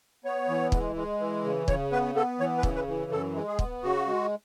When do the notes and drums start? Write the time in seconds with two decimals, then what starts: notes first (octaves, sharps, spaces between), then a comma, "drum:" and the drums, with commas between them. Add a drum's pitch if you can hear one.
0.24 B3 C#5
0.49 E3
0.72 G#3, drum: kick
0.96 G#3
1.20 E3
1.44 C#3
1.68 C#3 C#5, drum: kick
1.92 B3 B4
2.15 B3 A4
2.40 E3 C#5
2.58 B4
2.63 C#3, drum: kick
2.75 B4
2.88 E3
3.11 F#2 A4
3.36 G#3
3.47 G#4
3.59 B3, drum: kick
3.83 C#3 F#4
4.07 G#3